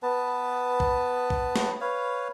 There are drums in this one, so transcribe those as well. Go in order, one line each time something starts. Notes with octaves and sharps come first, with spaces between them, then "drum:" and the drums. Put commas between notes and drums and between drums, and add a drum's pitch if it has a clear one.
B3 B4 A5
drum: kick B1
drum: kick B1
drum: snare
B4 C#5 F5